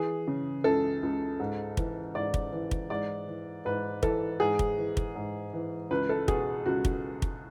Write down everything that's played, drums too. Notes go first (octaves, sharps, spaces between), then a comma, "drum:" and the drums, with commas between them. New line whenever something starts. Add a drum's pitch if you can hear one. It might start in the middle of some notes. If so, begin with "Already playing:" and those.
Already playing: E3 G#4
C#3
C#2 A4
C#2
G#2
E3, drum: kick
G#2 D5
drum: kick
E3
drum: kick
G#2 D5
E3
G#2 B4
E3 A4, drum: kick
G#2 G#4
drum: kick
E3
drum: kick
G#2
E3
C#2 B4
A4
B2 G#4, drum: kick
C#2 F#4
drum: kick
drum: kick